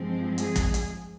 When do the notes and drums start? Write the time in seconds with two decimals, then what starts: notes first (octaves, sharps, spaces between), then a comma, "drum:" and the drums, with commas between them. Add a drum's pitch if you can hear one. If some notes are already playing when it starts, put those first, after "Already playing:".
Already playing: G2 F3 G#3 C4
0.38 G#4, drum: hi-hat
0.56 drum: kick, hi-hat
0.74 drum: hi-hat